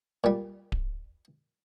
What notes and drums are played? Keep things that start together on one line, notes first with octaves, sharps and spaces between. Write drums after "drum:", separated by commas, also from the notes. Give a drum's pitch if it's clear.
A#2 G3
drum: kick D1